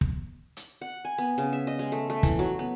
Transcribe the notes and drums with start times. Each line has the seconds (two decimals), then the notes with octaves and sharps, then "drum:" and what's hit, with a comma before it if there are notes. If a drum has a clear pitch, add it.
0.01 drum: kick
0.57 drum: hi-hat
0.81 F#5
1.05 G#5
1.18 B3
1.38 C#3
1.53 E5
1.67 D#5
1.79 G#3
1.92 A3
2.10 A3
2.23 E3, drum: kick, hi-hat
2.39 F#3
2.59 B3